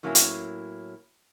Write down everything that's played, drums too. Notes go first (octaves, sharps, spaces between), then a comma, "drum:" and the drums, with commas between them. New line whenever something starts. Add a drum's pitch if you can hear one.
A2 F#3 A#3 C#4 E4
drum: hi-hat